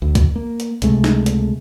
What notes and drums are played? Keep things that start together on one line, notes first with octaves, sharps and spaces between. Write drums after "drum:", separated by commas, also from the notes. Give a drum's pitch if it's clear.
D2
drum: kick C2, hi-hat
A#3
drum: hi-hat
C#2 C3 G#3 A3, drum: hi-hat
drum: snare
drum: hi-hat